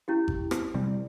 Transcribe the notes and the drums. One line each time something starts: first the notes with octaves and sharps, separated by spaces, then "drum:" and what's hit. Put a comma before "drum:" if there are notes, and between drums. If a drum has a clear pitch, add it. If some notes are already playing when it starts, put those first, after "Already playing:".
C#4 E4 G4
drum: kick G#1
drum: rim click
C3 G3 C4